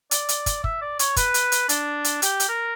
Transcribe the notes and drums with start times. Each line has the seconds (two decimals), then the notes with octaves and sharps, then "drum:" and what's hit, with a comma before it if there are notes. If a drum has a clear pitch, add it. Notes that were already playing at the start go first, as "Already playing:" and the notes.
0.11 D5, drum: hi-hat
0.29 drum: hi-hat
0.46 drum: kick, hi-hat
0.64 E5, drum: kick
0.81 D5
0.99 C#5, drum: hi-hat
1.16 B4, drum: kick, hi-hat
1.34 drum: hi-hat
1.52 drum: hi-hat
1.69 D4, drum: hi-hat
2.04 drum: hi-hat
2.22 G4, drum: hi-hat
2.40 drum: hi-hat
2.49 A#4